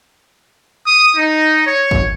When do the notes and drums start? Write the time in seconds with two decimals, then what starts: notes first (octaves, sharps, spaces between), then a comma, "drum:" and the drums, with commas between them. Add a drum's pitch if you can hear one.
0.85 D#6
1.15 D#4
1.65 C#5
1.91 drum: kick G#1